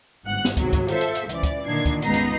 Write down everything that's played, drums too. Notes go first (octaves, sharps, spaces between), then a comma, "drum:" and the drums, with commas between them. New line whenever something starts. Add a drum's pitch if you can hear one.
G1 G#2 F#5 F#6
drum: snare
G#1 C3 D#3 F#3, drum: kick, hi-hat
drum: kick, hi-hat
F4 A4 C5 E5, drum: hi-hat
drum: hi-hat
drum: hi-hat
C#2 E3 D5, drum: hi-hat
drum: kick, hi-hat
A#2 D3 D#3 D4 G#6 C7
drum: kick, hi-hat
G1 C#2 B3 D#4 A#5 C7, drum: hi-hat
drum: hi-hat